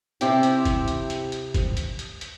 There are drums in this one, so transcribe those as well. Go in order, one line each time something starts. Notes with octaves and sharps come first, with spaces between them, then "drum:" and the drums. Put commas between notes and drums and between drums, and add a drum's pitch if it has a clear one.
C3 C4 E4 G4, drum: hi-hat
drum: hi-hat
drum: kick, hi-hat
drum: hi-hat
drum: hi-hat
drum: hi-hat
drum: kick, hi-hat
drum: hi-hat
drum: hi-hat
drum: hi-hat